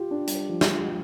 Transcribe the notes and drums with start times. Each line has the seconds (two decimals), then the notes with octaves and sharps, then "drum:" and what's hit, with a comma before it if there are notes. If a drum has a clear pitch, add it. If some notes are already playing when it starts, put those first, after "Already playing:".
Already playing: F4 G4
0.11 D4
0.27 G3, drum: hi-hat
0.49 F3
0.61 drum: snare
0.73 F3